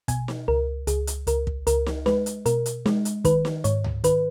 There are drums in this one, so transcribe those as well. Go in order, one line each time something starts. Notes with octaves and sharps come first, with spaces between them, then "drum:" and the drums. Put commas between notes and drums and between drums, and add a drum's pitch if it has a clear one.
B2 G#5, drum: kick, hi-hat
drum: snare
C#2 A#4
C#2 G#4, drum: hi-hat
drum: hi-hat
C#2 A#4, drum: hi-hat
drum: kick
C#2 A#4, drum: hi-hat
drum: snare
G#3 B4, drum: snare
drum: hi-hat
B2 A#4, drum: hi-hat
drum: hi-hat
G#3, drum: snare
drum: hi-hat
D#3 B4, drum: kick, hi-hat
drum: snare
G#2 C#5, drum: hi-hat
drum: tom C#2
D#3 B4, drum: hi-hat